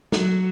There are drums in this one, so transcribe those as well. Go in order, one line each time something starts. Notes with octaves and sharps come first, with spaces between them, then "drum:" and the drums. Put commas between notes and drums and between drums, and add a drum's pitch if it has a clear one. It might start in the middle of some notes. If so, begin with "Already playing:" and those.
F#3, drum: snare